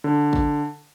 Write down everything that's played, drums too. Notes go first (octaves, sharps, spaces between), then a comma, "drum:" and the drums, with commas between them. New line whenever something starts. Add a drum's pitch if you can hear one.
D3
drum: kick